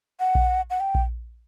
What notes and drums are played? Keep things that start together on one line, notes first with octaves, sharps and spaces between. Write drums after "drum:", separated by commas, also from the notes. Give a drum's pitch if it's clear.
F#5
drum: kick A#1
F#5
G5
drum: kick A#1